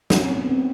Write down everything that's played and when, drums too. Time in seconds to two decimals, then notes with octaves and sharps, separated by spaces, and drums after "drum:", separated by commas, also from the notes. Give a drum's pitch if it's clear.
0.10 C#4, drum: snare
0.23 C4
0.36 B3
0.49 C4